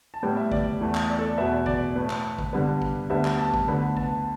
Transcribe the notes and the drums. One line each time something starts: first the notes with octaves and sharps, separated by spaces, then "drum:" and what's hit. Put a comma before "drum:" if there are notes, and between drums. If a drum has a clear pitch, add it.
A5
A2 G3 B3 G5
E5
D5, drum: kick G#1
E2 E3 A3
drum: clap
D5
A4
D5
E2 B2 B3 E5
D5, drum: kick G#1
A2 A3 B4
drum: clap
drum: kick G#1
G2 D3 G3 B3
drum: kick G#1
D2 D3 G3 B3 E5
drum: clap
A5
drum: kick G#1
D2 D3 B3 B5
A5, drum: kick G#1